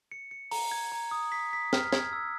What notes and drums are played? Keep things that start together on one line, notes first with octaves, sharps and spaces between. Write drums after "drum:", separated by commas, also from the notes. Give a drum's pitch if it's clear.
C#7
C#7
A#5, drum: open hi-hat
G#6
A#5
D#6
B6
B6
F6, drum: snare
G#6, drum: snare
E6